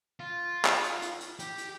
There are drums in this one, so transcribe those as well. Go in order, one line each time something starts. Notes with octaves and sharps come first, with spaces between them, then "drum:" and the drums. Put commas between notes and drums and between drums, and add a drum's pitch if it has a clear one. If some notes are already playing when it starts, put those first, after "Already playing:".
F4
drum: clap
drum: hi-hat
drum: hi-hat
drum: hi-hat
G4, drum: hi-hat
drum: hi-hat